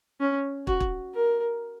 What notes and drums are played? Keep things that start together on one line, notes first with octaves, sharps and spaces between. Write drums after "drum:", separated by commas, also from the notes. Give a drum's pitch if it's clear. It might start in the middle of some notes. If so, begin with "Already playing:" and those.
C#4
F#4, drum: kick
drum: kick
A#4